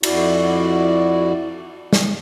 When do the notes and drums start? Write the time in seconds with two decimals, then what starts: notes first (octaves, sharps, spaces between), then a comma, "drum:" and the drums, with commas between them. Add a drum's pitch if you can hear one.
0.03 F2 E4 F#4 D5, drum: cymbal
1.93 drum: snare